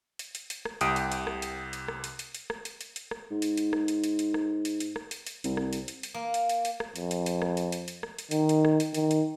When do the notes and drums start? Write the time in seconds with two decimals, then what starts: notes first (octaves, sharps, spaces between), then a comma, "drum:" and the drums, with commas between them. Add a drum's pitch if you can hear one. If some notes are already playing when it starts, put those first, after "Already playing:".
0.19 drum: hi-hat
0.35 drum: hi-hat
0.50 drum: hi-hat
0.65 drum: rim click
0.81 C2 C3 G5 D#6 D7, drum: hi-hat
0.96 drum: hi-hat
1.12 drum: hi-hat
1.27 drum: rim click
1.42 drum: hi-hat
1.73 drum: hi-hat
1.88 drum: rim click
2.04 drum: hi-hat
2.19 drum: hi-hat
2.35 drum: hi-hat
2.50 drum: rim click
2.65 drum: hi-hat
2.81 drum: hi-hat
2.96 drum: hi-hat
3.11 drum: rim click
3.31 G#2
3.42 drum: hi-hat
3.57 drum: hi-hat
3.73 drum: rim click
3.88 drum: hi-hat
4.04 drum: hi-hat
4.19 drum: hi-hat
4.34 drum: rim click
4.65 drum: hi-hat
4.80 drum: hi-hat
4.96 drum: rim click
5.11 drum: hi-hat
5.27 drum: hi-hat
5.44 C2, drum: hi-hat
5.57 drum: rim click
5.73 drum: hi-hat
5.88 drum: hi-hat
6.03 drum: hi-hat
6.14 A#3
6.34 drum: hi-hat
6.49 drum: hi-hat
6.65 drum: hi-hat
6.80 drum: rim click
6.96 F2, drum: hi-hat
7.11 drum: hi-hat
7.26 drum: hi-hat
7.42 drum: rim click
7.57 drum: hi-hat
7.72 drum: hi-hat
7.88 drum: hi-hat
8.03 drum: rim click
8.19 drum: hi-hat
8.31 D#3, drum: hi-hat
8.49 drum: hi-hat
8.65 drum: rim click
8.80 drum: hi-hat
8.94 D#3, drum: hi-hat
9.11 drum: hi-hat